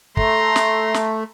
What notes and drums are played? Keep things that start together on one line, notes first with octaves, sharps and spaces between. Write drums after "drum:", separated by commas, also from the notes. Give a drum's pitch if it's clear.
A3 A#5 C6, drum: kick
drum: snare
drum: snare